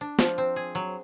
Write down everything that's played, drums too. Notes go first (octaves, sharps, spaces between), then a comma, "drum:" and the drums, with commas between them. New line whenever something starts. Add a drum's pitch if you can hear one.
D4
F3, drum: snare
C4
G#4
F#3